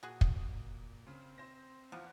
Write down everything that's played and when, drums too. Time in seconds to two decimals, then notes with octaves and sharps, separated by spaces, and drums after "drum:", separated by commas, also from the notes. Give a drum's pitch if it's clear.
0.03 A#2 F#4 G#4 D#6
0.21 drum: kick
1.07 C#3 C4
1.38 C5 A#6
1.92 E2 F3 F#5